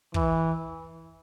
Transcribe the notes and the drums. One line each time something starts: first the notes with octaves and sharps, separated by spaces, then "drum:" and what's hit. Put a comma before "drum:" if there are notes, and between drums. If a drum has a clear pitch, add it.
E3, drum: kick